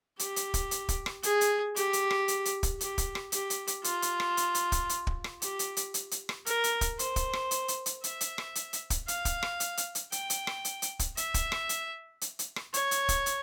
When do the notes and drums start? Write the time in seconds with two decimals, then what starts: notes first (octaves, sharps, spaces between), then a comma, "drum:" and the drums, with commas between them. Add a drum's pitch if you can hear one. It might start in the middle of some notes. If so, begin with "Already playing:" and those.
0.19 G4, drum: hi-hat
0.36 drum: hi-hat
0.54 drum: kick, hi-hat
0.71 drum: hi-hat
0.89 drum: kick, hi-hat
1.06 drum: rim click
1.23 G#4, drum: hi-hat
1.41 drum: hi-hat
1.76 G4, drum: hi-hat
1.93 drum: hi-hat
2.11 drum: rim click
2.28 drum: hi-hat
2.45 drum: hi-hat
2.63 drum: kick, hi-hat
2.81 G4, drum: hi-hat
2.98 drum: kick, hi-hat
3.15 drum: rim click
3.32 G4, drum: hi-hat
3.50 drum: hi-hat
3.67 drum: hi-hat
3.84 F4, drum: hi-hat
4.02 drum: hi-hat
4.20 drum: rim click
4.37 drum: hi-hat
4.55 drum: hi-hat
4.72 drum: kick, hi-hat
4.89 drum: hi-hat
5.07 drum: kick
5.24 drum: rim click
5.42 G4, drum: hi-hat
5.59 drum: hi-hat
5.77 drum: hi-hat
5.94 drum: hi-hat
6.11 drum: hi-hat
6.29 drum: rim click
6.46 A#4, drum: hi-hat
6.64 drum: hi-hat
6.81 drum: kick, hi-hat
6.99 C5, drum: hi-hat
7.16 drum: kick, hi-hat
7.33 drum: rim click
7.51 drum: hi-hat
7.68 drum: hi-hat
7.86 drum: hi-hat
8.04 E5, drum: hi-hat
8.21 drum: hi-hat
8.38 drum: rim click
8.55 drum: hi-hat
8.73 drum: hi-hat
8.90 drum: kick, hi-hat
9.08 F5, drum: hi-hat
9.25 drum: kick, hi-hat
9.43 drum: rim click
9.60 drum: hi-hat
9.77 drum: hi-hat
9.95 drum: hi-hat
10.12 G5, drum: hi-hat
10.30 drum: hi-hat
10.47 drum: rim click
10.65 drum: hi-hat
10.82 drum: hi-hat
10.99 drum: kick, hi-hat
11.17 E5, drum: hi-hat
11.34 drum: kick, hi-hat
11.52 drum: rim click
11.69 drum: hi-hat
12.21 drum: hi-hat
12.39 drum: hi-hat
12.56 drum: rim click
12.74 C#5, drum: hi-hat
12.91 drum: hi-hat
13.09 drum: kick, hi-hat
13.26 drum: hi-hat